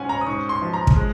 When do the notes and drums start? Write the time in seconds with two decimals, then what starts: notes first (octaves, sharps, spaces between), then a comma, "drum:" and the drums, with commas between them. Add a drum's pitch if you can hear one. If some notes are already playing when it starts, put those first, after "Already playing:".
Already playing: G#2 C#4 F4 F#5 G#5
0.09 A#5
0.21 D#6
0.26 G#2 C#6
0.49 C6
0.62 F3
0.74 A#5
0.87 drum: kick
0.96 G#3